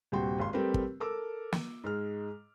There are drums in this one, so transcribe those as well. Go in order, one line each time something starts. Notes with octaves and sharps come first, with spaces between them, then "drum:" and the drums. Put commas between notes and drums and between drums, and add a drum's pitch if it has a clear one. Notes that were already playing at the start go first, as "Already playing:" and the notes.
D#1 G2 C3 F#4 G5 C6
G#1 F5 C6
G3 A3 C4 G4 A#4 B4
drum: kick
A4 A#4 D6 E6
drum: snare
G#2 G#3 F6